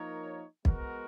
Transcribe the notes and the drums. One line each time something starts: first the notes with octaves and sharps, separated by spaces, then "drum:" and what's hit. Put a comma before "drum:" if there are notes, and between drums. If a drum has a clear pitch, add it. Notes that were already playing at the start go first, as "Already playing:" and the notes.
Already playing: F3 A#3 D#4 A#4 C#5
G#3 B3 F#4 A#4, drum: kick